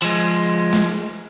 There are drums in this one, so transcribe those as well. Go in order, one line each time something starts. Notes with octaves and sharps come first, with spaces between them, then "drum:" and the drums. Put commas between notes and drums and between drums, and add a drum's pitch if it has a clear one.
F3 G#3, drum: cymbal
drum: snare